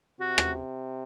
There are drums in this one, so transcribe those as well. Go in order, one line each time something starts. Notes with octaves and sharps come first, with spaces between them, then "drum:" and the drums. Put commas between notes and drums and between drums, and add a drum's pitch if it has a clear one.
C3 F#4
drum: rim click